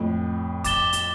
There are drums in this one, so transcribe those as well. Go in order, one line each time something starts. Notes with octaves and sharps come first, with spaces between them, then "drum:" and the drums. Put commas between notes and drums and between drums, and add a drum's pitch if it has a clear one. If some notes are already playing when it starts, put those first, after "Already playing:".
Already playing: F2 A2
D6 A6 E7 G7, drum: kick, hi-hat
drum: hi-hat